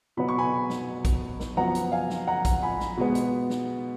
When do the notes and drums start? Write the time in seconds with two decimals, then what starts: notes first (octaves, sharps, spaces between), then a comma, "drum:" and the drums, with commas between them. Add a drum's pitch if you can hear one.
0.17 B2 F#3 B3 B5
0.29 C#6
0.38 G#5 B5
0.70 drum: snare
1.05 drum: kick A#1, hi-hat
1.40 drum: snare
1.57 F#2 F3 B3 F#5 A#5
1.75 drum: hi-hat
1.92 F5 G#5
2.10 drum: snare
2.27 F#5 A#5
2.45 drum: kick A#1, hi-hat
2.62 G#5 B5
2.80 drum: snare
2.97 B2 G#3 B3
3.15 drum: hi-hat
3.50 drum: snare